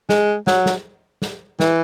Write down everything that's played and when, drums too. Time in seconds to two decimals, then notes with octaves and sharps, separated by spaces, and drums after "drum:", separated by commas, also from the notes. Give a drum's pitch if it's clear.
0.09 G#3, drum: snare
0.47 F#3, drum: snare
0.66 drum: snare
1.22 drum: snare
1.60 E3, drum: snare